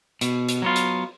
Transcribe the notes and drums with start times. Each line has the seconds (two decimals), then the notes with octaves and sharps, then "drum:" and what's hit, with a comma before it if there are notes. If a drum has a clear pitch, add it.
0.21 B2, drum: hi-hat
0.49 drum: hi-hat
0.62 F#3 B3 F4
0.76 drum: hi-hat